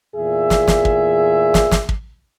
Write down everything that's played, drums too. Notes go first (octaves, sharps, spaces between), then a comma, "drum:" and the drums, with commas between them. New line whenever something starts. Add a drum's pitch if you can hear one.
E2 A#2 G#4 E5
drum: snare
drum: snare
drum: kick
drum: snare
drum: snare
drum: kick